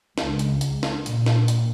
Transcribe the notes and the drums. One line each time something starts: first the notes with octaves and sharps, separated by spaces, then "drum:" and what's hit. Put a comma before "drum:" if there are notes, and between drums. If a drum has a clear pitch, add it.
C#2, drum: snare
drum: hi-hat
drum: hi-hat
drum: snare
A#2, drum: hi-hat
drum: snare
drum: hi-hat